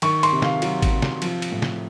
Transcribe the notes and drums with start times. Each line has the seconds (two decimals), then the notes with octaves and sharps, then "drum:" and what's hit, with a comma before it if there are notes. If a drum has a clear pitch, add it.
0.02 D#3 C#6, drum: cymbal
0.23 C6, drum: cymbal
0.32 C3
0.42 F5, drum: snare
0.62 F#3, drum: cymbal
0.82 drum: kick G#1, cymbal
0.92 C3
1.02 drum: snare
1.22 F3, drum: cymbal
1.42 drum: cymbal
1.52 A2
1.62 drum: snare